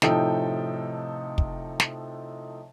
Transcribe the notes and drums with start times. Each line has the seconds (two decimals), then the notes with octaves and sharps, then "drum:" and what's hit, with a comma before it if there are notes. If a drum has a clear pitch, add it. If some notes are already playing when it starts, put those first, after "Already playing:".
0.02 A2 C3 F3 D#4 A4 G5, drum: snare
1.38 drum: kick
1.80 drum: snare